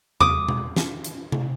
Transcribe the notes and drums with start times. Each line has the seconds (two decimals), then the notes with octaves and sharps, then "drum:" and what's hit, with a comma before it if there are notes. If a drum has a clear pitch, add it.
0.20 D6 D#6, drum: tom E2
0.48 drum: tom B2
0.76 drum: snare
1.04 drum: hi-hat
1.32 drum: tom C3